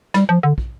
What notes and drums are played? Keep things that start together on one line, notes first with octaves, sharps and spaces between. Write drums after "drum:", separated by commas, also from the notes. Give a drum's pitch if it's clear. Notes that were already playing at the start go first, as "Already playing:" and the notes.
G3, drum: snare
F3
D3
drum: kick